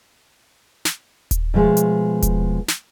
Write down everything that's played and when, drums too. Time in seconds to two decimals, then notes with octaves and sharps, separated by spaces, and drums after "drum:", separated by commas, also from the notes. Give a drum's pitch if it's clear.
0.85 drum: snare
1.31 drum: kick D#1, hi-hat
1.54 B2 F3 G#3 A3
1.77 drum: hi-hat
2.22 drum: kick D#1, hi-hat
2.68 drum: snare